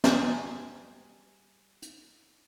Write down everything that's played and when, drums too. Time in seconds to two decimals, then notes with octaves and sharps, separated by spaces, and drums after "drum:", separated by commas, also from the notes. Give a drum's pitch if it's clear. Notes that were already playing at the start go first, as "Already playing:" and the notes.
0.04 G3 G#4, drum: snare
1.82 drum: hi-hat